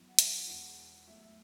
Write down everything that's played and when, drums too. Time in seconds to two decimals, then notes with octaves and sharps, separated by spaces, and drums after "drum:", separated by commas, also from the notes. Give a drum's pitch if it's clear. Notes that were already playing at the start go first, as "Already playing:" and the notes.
Already playing: F#2 E3 B3
0.08 F#5
0.19 E5, drum: hi-hat
0.47 E1 E2 E3 B3 F#5
1.08 B1 A2 A3 E5
1.22 E5